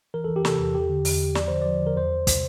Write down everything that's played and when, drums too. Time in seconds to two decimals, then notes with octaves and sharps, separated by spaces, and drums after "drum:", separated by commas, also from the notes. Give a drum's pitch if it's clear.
0.14 E3 A#4
0.24 E3 A4
0.36 G4
0.45 C3 A4, drum: snare
0.59 E2
0.75 E2 G4
0.89 D3
1.05 E2, drum: open hi-hat
1.21 E2
1.35 F3 D5, drum: snare
1.48 D3 C5
1.61 F3 D5
1.81 D3
1.87 A#4
1.97 E2 C5
2.12 E2
2.27 C3, drum: kick, hi-hat